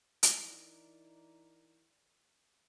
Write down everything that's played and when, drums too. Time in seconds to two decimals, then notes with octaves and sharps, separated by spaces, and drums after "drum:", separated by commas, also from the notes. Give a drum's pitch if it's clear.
0.23 E3 D#4 E4 A#4 D5, drum: hi-hat